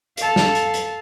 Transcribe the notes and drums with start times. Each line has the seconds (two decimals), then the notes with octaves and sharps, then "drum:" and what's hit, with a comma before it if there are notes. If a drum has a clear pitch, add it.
0.17 A4 F5, drum: hi-hat
0.36 drum: snare
0.55 drum: hi-hat
0.74 drum: hi-hat